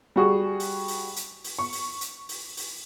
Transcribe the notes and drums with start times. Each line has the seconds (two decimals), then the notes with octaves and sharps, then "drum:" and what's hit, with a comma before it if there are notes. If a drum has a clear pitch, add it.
0.16 G3 F#4 G#4
0.60 drum: open hi-hat
0.88 drum: open hi-hat
1.16 drum: hi-hat
1.44 drum: open hi-hat
1.59 C#6
1.73 drum: open hi-hat
2.01 drum: hi-hat
2.29 drum: open hi-hat
2.57 drum: open hi-hat